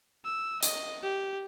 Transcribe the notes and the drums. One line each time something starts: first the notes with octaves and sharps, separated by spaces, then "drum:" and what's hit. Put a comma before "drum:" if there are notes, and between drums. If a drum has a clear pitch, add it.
E6
D#5, drum: hi-hat
G4